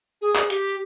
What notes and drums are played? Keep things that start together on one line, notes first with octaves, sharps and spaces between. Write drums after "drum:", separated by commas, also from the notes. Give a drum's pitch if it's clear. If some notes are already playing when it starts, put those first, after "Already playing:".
G#4
drum: clap
G4, drum: hi-hat